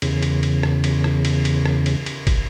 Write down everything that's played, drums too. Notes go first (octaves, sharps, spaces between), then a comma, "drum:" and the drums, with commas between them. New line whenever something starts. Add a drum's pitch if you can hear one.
E2 C#3, drum: cymbal
drum: cymbal
drum: cymbal
drum: rim click
drum: cymbal
drum: rim click
drum: cymbal
drum: cymbal
drum: rim click
drum: cymbal
drum: cymbal
drum: kick, cymbal